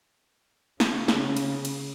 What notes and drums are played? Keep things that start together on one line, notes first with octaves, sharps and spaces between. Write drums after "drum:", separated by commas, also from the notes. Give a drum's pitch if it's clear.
C#3, drum: snare
drum: snare
drum: cymbal
drum: cymbal